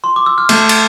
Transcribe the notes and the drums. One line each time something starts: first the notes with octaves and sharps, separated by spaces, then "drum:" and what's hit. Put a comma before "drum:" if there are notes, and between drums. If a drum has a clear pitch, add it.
C6
D6
E6
F6
A3 G6, drum: cymbal
drum: cymbal